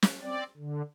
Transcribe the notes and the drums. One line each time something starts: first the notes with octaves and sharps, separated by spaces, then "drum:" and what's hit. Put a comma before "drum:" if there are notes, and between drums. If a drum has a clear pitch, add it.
drum: snare
C4 D5
D3